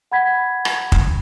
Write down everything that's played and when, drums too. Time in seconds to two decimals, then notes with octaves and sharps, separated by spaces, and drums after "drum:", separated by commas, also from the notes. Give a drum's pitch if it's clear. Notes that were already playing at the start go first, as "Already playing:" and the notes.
0.12 F#5 B5 G#6 B6
0.65 drum: rim click
0.92 drum: kick